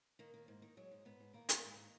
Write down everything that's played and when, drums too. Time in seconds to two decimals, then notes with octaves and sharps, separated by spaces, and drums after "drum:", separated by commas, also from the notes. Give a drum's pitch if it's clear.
0.19 D#3 A#3
0.34 D#3
0.48 G#2
0.62 D#3
0.77 F#3 G#3
0.91 G#2
1.05 G#2 B3
1.20 G#2
1.34 D#3 A#3
1.49 G#2, drum: hi-hat
1.64 G#2
1.77 D#3